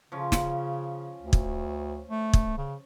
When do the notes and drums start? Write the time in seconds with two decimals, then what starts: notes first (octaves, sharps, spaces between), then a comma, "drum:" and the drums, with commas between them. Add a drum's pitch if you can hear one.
0.12 C#3 F3 C#4
0.32 drum: snare
1.21 D2
1.33 drum: kick
2.08 A3
2.33 drum: kick
2.58 C#3